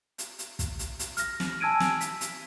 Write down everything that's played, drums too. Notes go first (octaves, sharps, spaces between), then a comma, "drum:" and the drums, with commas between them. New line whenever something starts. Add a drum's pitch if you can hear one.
drum: hi-hat
drum: hi-hat
drum: kick, hi-hat
drum: hi-hat
drum: hi-hat
F6 A#6, drum: hi-hat
drum: snare
G#5 A5 E6 G#6 D7 D#7
drum: snare
B6, drum: hi-hat
drum: hi-hat